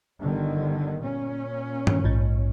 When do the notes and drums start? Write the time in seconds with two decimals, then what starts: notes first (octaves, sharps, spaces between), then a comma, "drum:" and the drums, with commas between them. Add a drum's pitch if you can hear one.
0.20 G1 D3 D#3
1.00 A#2 C#4
1.87 drum: tom
2.04 A#1 G#2